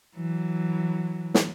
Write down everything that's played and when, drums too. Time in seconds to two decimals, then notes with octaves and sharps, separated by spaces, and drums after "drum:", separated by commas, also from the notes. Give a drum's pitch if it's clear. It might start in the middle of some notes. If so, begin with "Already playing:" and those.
0.16 E3 F#3
1.34 drum: snare